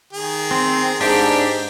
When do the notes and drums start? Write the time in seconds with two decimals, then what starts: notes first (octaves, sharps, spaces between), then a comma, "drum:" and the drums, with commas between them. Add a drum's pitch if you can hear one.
0.13 D#3 G#4
0.51 C4
1.01 G#2 D4 G4, drum: open hi-hat